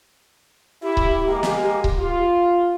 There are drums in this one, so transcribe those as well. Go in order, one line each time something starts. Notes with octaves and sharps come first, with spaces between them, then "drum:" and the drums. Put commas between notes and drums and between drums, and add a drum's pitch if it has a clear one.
E4 G4
drum: kick C#1
G#3 A#3
drum: snare
drum: kick C#1
F4